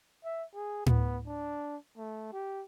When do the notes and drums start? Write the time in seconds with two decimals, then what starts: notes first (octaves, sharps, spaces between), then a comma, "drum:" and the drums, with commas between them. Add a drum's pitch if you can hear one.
0.24 E5
0.54 G#4
0.86 B3, drum: tom A2
1.27 D4
1.97 A3
2.33 G4